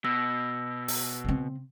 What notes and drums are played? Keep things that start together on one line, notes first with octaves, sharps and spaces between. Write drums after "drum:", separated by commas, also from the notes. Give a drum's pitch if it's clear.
B2 E6 A#6
drum: open hi-hat
C#3 C4